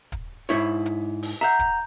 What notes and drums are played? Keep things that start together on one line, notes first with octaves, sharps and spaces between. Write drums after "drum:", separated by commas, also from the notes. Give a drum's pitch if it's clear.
drum: kick, hi-hat
G#2 E4 C#5, drum: hi-hat
drum: hi-hat
drum: open hi-hat
E5 F#5 A#5 G6
drum: kick, hi-hat